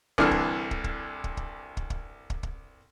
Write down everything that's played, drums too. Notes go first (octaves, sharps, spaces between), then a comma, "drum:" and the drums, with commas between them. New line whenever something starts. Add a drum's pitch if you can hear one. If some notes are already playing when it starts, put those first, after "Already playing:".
C2 D3 E3 D4 F6, drum: kick
drum: kick
drum: kick
drum: kick
drum: kick
drum: kick
drum: kick
drum: kick
drum: kick
drum: kick